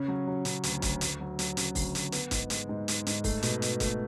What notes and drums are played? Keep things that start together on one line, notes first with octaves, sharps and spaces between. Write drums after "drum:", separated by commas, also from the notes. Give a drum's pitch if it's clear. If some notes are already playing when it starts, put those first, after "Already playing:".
Already playing: C#3 C#4
F#3
F#3
C#3, drum: hi-hat
D2, drum: hi-hat
D2, drum: kick, hi-hat
D2, drum: hi-hat
F#3
F#3, drum: hi-hat
C#3, drum: hi-hat
D2, drum: kick, open hi-hat
D2, drum: hi-hat
B3, drum: hi-hat
G#2, drum: kick, hi-hat
G#3, drum: hi-hat
G#2
G#3, drum: hi-hat
G#2, drum: hi-hat
A3, drum: kick, open hi-hat
B2, drum: hi-hat
B2, drum: hi-hat
A3, drum: kick, hi-hat